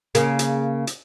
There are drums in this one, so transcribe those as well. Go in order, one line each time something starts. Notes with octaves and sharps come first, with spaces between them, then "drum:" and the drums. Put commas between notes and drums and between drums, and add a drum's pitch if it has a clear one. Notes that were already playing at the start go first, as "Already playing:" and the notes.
C#3 A#3, drum: hi-hat
drum: hi-hat
drum: hi-hat